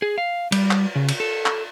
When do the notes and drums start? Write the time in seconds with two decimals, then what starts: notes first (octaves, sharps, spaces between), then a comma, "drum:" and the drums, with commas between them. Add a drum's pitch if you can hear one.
0.02 G#4
0.18 F5
0.52 G3, drum: cymbal
0.71 drum: clap
0.96 C#3
1.08 drum: cymbal
1.20 A4
1.46 drum: clap